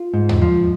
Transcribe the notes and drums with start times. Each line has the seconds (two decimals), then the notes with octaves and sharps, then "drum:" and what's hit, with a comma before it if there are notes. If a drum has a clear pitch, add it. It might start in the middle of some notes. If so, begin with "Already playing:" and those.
Already playing: F4
0.14 G#2
0.29 drum: tom D#2
0.42 F3